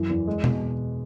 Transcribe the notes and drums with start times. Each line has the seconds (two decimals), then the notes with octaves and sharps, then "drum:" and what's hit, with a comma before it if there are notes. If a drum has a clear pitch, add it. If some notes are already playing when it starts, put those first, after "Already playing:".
Already playing: F#2 E3
0.10 E2
0.27 G#3
0.44 B2, drum: tom B2